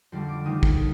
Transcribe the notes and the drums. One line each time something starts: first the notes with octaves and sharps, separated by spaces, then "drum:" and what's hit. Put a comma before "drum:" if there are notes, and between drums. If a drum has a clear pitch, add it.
F2 D3 G3
D6
D#2 D#3 A3 D#6
drum: kick